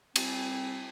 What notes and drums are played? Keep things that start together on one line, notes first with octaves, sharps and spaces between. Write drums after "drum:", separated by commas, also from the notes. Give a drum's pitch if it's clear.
C2 G3 C4, drum: cymbal